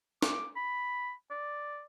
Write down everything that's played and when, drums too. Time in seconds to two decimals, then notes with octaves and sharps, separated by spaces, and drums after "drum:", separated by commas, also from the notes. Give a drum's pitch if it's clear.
0.22 D6, drum: snare
0.56 B5
1.30 D5